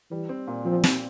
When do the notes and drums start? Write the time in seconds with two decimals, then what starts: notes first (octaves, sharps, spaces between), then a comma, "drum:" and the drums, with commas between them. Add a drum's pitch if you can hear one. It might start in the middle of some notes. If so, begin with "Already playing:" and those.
0.11 E3 G3
0.29 C4
0.47 A#2
0.65 F3 C4
0.84 C4, drum: snare